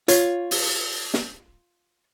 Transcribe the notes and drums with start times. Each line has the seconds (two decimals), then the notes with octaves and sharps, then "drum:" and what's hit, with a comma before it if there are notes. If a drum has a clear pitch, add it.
0.08 F4 C#5, drum: hi-hat
0.51 drum: open hi-hat
1.14 drum: snare